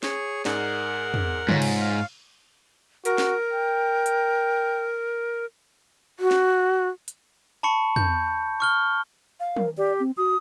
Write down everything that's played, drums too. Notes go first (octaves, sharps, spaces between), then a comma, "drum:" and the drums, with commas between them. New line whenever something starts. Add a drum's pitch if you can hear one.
G#4 C#5, drum: snare
G#2 G#4 A#4 D5 F#5, drum: snare
drum: tom
G#2 F4 C#5, drum: tom
drum: cymbal
F5
F#4 A#4, drum: hi-hat
drum: snare
G5
drum: hi-hat
F#4
drum: snare
drum: hi-hat
A5 B5 C#6 C#7
G6, drum: tom
C#6 F6 G7
F5
A#4, drum: tom
G4 D5
C4
F#4 D#6